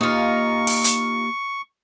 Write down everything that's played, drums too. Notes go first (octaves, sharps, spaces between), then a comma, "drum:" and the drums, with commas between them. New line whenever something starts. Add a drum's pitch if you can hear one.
A#3 D#4 F4 G4 F5 C#6
drum: open hi-hat
drum: hi-hat